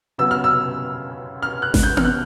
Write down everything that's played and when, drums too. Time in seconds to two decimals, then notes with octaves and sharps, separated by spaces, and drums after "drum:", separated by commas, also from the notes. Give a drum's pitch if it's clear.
0.18 C#3 F#3 B3 E6
0.31 F6
0.44 E6
1.42 F6
1.62 F#6
1.74 drum: snare G#1
1.83 G6
1.97 F6, drum: tom B3
2.04 F#6